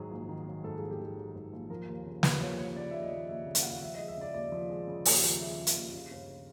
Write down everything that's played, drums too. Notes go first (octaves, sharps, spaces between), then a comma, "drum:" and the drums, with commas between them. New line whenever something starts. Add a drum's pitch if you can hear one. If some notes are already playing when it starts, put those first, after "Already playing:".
Already playing: G#2 D#3 F#3 G#4
A#1
D#3
F#3
G#2 A4
G#4
A#1
G4
D#3 G#4
F#3
G#2
A#1
F3 A#4
D#2
C#3
D#2 B4, drum: snare
F3 C#5
D#2 C#5
C#3 D5
D#2 E5
D#5
F3
D#2 E5
C#3
F5, drum: hi-hat
D#2 F#5
F5
F3 E5
D#5
G#3
E5
C#3 D5
D#2 D5
F3
G#3
C#3
D#2, drum: open hi-hat
F3
G#3 E5
C#3
F5, drum: hi-hat
D#2
C#3
G1